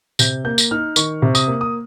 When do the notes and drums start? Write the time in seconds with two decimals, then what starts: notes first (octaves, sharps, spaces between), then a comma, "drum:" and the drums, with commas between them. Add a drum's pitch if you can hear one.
0.19 C3 G6, drum: tambourine
0.44 A#3 G6
0.58 drum: tambourine
0.71 D#4 F6
0.96 D#3 C#6, drum: tambourine
1.22 C3
1.35 D#6, drum: tambourine
1.47 A#3
1.61 D#6